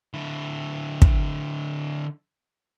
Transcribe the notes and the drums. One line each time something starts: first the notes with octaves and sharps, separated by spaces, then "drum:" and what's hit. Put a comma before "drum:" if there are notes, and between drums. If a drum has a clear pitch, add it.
D3 E4
drum: kick